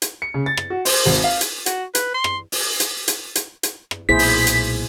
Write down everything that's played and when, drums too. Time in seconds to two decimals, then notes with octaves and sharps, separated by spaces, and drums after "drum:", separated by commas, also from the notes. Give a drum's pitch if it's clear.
0.02 drum: hi-hat
0.22 C#7
0.34 C#3
0.46 A6
0.57 drum: rim click
0.70 F#4
0.85 C5, drum: open hi-hat
1.06 G#1
1.24 F5
1.41 drum: hi-hat
1.66 F#4, drum: hi-hat
1.95 B4, drum: hi-hat
2.14 C6
2.24 drum: rim click
2.52 drum: open hi-hat
2.80 drum: hi-hat
3.08 drum: hi-hat
3.35 drum: hi-hat
3.63 drum: hi-hat
3.91 drum: rim click
4.09 B1 A#2 E4 G#4 C5 B6
4.19 drum: open hi-hat
4.47 drum: hi-hat